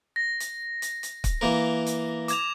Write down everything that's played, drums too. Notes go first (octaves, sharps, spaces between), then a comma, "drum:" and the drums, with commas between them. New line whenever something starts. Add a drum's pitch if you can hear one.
A#6
drum: hi-hat
drum: hi-hat
drum: hi-hat
drum: kick, hi-hat
E3 A#3 A#4
drum: hi-hat
D6 G#6 F7, drum: hi-hat